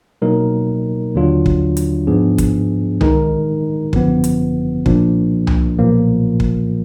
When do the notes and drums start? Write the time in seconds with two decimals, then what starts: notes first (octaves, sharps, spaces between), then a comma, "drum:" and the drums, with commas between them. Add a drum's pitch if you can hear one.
0.22 B2 F#3 A#3 D#4 A#4
1.15 D#2 D3 F#3 D4 F4
1.46 drum: kick
1.77 drum: hi-hat
2.07 G#2 F3 B3 D4 G#4
2.38 drum: kick, hi-hat
3.01 D#3 G#3 D#4 A#4, drum: tom C2
3.93 G#1 F#2 D3 F3 B3, drum: kick
4.24 drum: hi-hat
4.86 B1 A#2 F3 A#3 D4, drum: kick
5.47 drum: tom C2
5.79 B1 A#2 F3 A#3
6.40 drum: kick